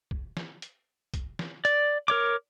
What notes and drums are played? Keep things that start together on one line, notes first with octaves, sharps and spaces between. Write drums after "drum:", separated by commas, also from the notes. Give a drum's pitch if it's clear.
drum: kick
drum: snare
drum: hi-hat
drum: kick, hi-hat
drum: snare
D5, drum: hi-hat
A#4 C#5 D6